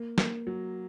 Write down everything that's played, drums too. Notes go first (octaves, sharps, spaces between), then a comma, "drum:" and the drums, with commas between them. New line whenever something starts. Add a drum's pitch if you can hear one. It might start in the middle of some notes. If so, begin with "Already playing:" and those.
Already playing: A#3
A#3, drum: snare
F#3